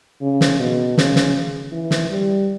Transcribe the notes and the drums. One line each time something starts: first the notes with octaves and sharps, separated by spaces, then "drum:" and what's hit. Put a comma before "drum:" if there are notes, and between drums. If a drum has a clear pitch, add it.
C#3
drum: snare
B2
C#3, drum: snare
drum: snare
E3
drum: snare
G3